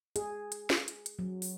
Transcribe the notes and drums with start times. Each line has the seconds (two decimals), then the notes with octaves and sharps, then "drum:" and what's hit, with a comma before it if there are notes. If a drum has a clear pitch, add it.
0.16 G#4, drum: hi-hat
0.52 drum: hi-hat
0.70 drum: snare
0.88 drum: hi-hat
1.06 drum: hi-hat
1.19 F#3
1.42 drum: open hi-hat